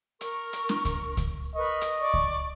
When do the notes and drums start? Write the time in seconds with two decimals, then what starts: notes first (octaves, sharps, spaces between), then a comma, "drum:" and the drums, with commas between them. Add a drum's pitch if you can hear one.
0.21 A#4 C#6, drum: hi-hat
0.53 drum: hi-hat
0.69 drum: snare
0.85 drum: kick C#2, hi-hat
1.17 drum: kick C#2, hi-hat
1.55 A#4 B4 D#5 C#6
1.82 drum: hi-hat
2.00 D5 C#6
2.14 drum: kick C#2